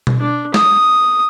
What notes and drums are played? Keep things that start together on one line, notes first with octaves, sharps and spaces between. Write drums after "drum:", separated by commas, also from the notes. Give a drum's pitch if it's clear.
drum: tom B2
D4
D#6, drum: snare